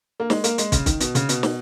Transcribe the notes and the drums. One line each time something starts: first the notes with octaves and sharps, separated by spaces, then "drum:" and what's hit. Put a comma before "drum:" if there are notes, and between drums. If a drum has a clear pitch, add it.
A#3
G#3, drum: snare
A#3, drum: hi-hat
G#3, drum: hi-hat
C#3, drum: kick, hi-hat
D#3, drum: kick, hi-hat
B2, drum: hi-hat
C#3, drum: hi-hat
B2, drum: hi-hat
drum: snare